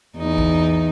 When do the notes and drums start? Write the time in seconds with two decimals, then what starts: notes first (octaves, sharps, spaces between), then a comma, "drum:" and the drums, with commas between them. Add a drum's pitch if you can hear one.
0.17 E2 D#4
0.38 drum: kick A#1